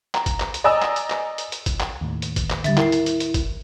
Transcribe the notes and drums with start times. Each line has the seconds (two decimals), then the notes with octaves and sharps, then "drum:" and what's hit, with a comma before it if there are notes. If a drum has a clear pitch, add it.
0.15 A#5, drum: clap
0.26 drum: kick, hi-hat
0.40 drum: clap
0.54 drum: hi-hat
0.64 D5 D#5 G#5 A#5 D#6 E6
0.82 drum: clap
0.96 drum: hi-hat
1.10 drum: clap
1.38 drum: hi-hat
1.52 drum: hi-hat
1.66 drum: kick, hi-hat
1.80 drum: clap
2.01 D#2 A2
2.22 drum: hi-hat
2.36 drum: kick, hi-hat
2.50 drum: clap
2.64 D3 G3 E5 A6, drum: hi-hat
2.77 E4 A#4 C7, drum: clap
2.92 drum: hi-hat
3.06 drum: hi-hat
3.20 drum: hi-hat
3.34 drum: kick, hi-hat